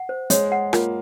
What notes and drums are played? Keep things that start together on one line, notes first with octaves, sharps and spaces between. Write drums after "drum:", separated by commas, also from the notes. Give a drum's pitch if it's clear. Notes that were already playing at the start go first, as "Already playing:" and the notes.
Already playing: F#5
C5
G#3 C#5, drum: hi-hat
F#5
A#3 F4, drum: rim click